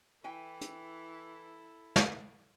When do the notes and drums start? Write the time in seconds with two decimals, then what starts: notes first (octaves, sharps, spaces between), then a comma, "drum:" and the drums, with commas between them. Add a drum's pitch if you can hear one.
0.24 E3 E4 A4 G5 G#5
0.61 drum: hi-hat
1.96 drum: snare